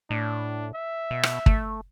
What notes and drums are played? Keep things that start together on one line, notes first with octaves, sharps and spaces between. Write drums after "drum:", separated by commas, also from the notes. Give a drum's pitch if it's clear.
A2 D4
E5
B2
drum: rim click
A3, drum: kick